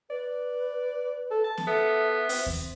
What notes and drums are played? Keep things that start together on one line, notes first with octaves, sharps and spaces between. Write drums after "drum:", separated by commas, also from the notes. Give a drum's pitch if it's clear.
B4 D5
A4
A5
drum: snare B3
B3 A4 E5
C4, drum: open hi-hat
drum: kick D#2